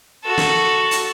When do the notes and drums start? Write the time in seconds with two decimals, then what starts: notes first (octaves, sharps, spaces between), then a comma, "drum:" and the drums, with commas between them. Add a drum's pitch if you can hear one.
0.24 F#4 A4
0.38 drum: snare
0.91 drum: hi-hat